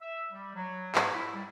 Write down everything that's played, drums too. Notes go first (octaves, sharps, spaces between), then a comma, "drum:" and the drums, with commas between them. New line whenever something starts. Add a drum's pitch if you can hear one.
E5
G3
F#3
G#2, drum: clap
E4
G3